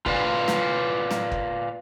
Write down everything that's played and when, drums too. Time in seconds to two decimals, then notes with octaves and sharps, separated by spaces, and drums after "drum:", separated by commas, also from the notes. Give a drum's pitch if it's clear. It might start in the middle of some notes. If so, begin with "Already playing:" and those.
0.06 F4 B4 D5 F5, drum: kick F#1
0.48 drum: snare
1.11 drum: snare
1.32 drum: kick F#1